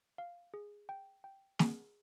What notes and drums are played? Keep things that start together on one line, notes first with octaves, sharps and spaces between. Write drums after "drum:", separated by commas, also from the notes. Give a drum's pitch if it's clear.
F5
G#4
G5
G5
G#4, drum: snare